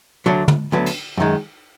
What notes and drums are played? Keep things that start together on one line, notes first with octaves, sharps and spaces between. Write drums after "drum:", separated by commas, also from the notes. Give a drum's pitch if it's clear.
D2 D3 F#3 D4
drum: tom
D2 D3 F#3 B3
drum: cymbal
F#2 D#3 G#3